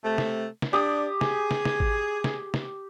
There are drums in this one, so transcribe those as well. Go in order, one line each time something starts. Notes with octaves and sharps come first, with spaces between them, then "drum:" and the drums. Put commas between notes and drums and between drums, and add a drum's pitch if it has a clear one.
C3 A3
drum: snare
drum: snare
D4 G4 D#6
G#4, drum: snare
drum: snare
drum: snare
drum: kick G#1
drum: snare
drum: snare